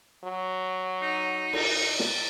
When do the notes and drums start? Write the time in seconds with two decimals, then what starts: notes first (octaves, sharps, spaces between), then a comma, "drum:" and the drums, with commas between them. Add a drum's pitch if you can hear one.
0.24 F#3
1.02 D#4
1.53 drum: cymbal
2.00 drum: snare